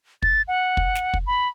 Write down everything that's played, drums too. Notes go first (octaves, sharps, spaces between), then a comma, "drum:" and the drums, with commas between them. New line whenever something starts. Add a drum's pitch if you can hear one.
A6, drum: kick
F#5
drum: kick
drum: snare
drum: kick
B5